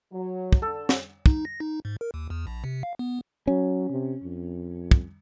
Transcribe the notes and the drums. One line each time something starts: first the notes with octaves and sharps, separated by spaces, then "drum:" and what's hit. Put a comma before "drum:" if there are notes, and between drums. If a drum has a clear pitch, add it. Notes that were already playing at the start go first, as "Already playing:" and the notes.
F#3
drum: kick
D3 A4
drum: snare
D#4, drum: kick
A#6
D#4
G#2
A#4
D#2
E2
A#1
C3
F5
B3
F#3 C#4
C3
F2
drum: kick